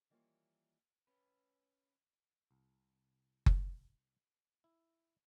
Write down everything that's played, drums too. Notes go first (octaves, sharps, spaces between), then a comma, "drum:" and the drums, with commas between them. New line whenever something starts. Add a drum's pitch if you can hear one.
D#3 E3 G3 A#3 F4 C#5
C#4 B4
C2
drum: kick F#1
E4